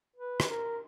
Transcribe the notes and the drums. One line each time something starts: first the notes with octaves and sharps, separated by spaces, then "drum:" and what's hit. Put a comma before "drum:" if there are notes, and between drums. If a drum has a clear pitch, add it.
B4
drum: rim click
A#4